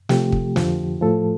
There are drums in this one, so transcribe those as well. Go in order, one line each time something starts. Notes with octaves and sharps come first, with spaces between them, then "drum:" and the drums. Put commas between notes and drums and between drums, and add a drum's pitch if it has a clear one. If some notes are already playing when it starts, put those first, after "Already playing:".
C3 F3 A3 G4, drum: snare
drum: kick
F2 D3 F3, drum: snare
A2 F3 A3 A4